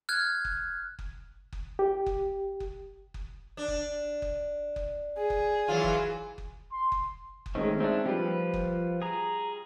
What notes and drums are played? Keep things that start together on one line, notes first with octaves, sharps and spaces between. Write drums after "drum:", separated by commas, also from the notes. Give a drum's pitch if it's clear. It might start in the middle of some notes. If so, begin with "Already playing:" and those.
F6 F#6 G#6
drum: kick F#1
drum: kick F#1
drum: kick F#1
G4
drum: kick F#1
drum: kick F#1
drum: kick F#1
D4
drum: kick F#1
drum: kick F#1
drum: kick F#1
G#4
drum: kick F#1
E3 F#3 F4
drum: kick F#1
drum: kick F#1
C6
drum: kick F#1
drum: kick F#1
D#3 G#3 A3 C4 C#4 D#4
G#3 C4 D4 D#4 E5
F3 G3 F4 G4 B4
drum: kick F#1
G#4 A#5